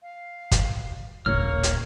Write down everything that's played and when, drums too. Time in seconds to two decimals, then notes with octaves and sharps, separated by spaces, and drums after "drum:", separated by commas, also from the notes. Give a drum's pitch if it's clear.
0.02 F5
0.51 drum: kick, hi-hat
1.26 D#1 A#1 A#3 C#5 F6
1.63 drum: hi-hat